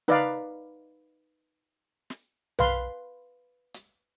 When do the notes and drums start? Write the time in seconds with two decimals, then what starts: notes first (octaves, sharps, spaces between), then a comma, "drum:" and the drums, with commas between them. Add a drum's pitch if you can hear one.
0.08 D#4 B4 D5 F5, drum: tom C#3
2.10 drum: snare
2.59 B4 F5 C6, drum: tom B1
3.74 drum: hi-hat